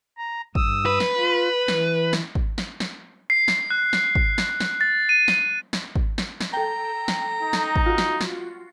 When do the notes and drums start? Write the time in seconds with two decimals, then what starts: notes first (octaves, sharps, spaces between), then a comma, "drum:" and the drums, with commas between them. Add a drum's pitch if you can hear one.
0.18 A#5
0.55 G2 D#6 E6, drum: kick G#1
0.86 B4
1.00 drum: snare
1.17 F4
1.68 E3, drum: snare
2.13 drum: snare
2.35 drum: kick G#1
2.58 drum: snare
2.80 drum: snare
3.30 C7
3.48 drum: snare
3.70 F#6
3.93 drum: snare
4.15 drum: kick G#1
4.38 drum: snare
4.60 drum: snare
4.81 A6
5.09 D#7
5.28 drum: snare
5.73 drum: snare
5.96 drum: kick G#1
6.18 drum: snare
6.41 drum: snare
6.53 A4 G5 A#5
7.08 drum: snare
7.43 D#4
7.53 drum: snare
7.76 drum: kick G#1
7.86 F4 F#4
7.98 drum: snare
8.21 drum: snare